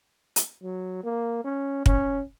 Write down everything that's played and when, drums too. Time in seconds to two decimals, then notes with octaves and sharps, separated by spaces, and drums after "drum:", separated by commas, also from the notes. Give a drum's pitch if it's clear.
0.36 drum: hi-hat
0.62 F#3
1.04 A#3
1.45 C#4
1.86 C#4, drum: kick